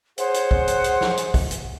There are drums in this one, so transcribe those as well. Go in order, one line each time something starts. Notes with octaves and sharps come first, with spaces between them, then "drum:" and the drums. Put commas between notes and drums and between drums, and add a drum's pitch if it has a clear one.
G#4 C5 C#5 F#5, drum: hi-hat
drum: hi-hat
drum: kick
drum: hi-hat
drum: hi-hat
drum: snare
drum: hi-hat
drum: kick, open hi-hat
drum: hi-hat